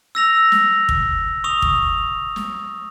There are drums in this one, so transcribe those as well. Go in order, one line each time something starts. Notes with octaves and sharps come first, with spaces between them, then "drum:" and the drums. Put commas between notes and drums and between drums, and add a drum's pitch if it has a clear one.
E6 A#6 F7
drum: snare
drum: kick
C#6 D#6 F7
drum: kick
drum: snare